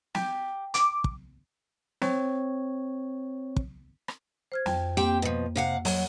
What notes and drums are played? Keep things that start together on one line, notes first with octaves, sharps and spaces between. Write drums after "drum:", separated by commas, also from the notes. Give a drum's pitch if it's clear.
G4, drum: snare
D6, drum: hi-hat
drum: kick
C4 C#5, drum: snare
drum: kick
drum: rim click
C5 F6 G#6
F2 G5, drum: snare
A#3 C4 G4 G5
B2 F3
C3 F5 F#5
F#3, drum: open hi-hat